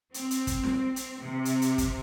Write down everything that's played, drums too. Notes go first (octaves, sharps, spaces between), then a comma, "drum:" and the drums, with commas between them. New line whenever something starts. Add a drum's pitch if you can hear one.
C4, drum: hi-hat
drum: hi-hat
drum: kick, hi-hat
drum: snare
drum: hi-hat
C3
drum: hi-hat
drum: hi-hat
drum: kick, hi-hat